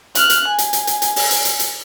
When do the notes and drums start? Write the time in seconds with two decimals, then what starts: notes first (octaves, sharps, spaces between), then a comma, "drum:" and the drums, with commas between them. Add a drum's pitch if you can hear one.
0.15 F6 F#6, drum: hi-hat
0.30 drum: hi-hat
0.48 G#5
0.58 drum: hi-hat
0.73 drum: hi-hat
0.87 drum: hi-hat
1.02 drum: hi-hat
1.16 drum: open hi-hat
1.31 drum: hi-hat
1.45 drum: hi-hat
1.59 drum: hi-hat